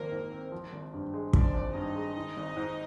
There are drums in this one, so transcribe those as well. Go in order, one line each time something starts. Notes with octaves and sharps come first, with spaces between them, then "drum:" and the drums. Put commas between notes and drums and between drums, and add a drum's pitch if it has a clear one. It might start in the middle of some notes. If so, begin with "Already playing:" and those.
Already playing: G#1 F3 A#3 C4 A#4
G#2
C4
F3
G#1
G2
G#3
F3 D4 D5, drum: kick
G#1
G2 D#4 D#5
G#3
D#3
G#1
G#2